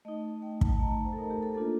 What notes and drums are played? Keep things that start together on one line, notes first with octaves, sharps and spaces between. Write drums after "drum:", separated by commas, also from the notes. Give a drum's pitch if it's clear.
A3 D#4 D#5
A3 D#4 G5
A5, drum: kick
A3 D#4 A#5
A#5
C5
A4
A3 D#4 A#4
G4
A4
A#3 D4 F4 A4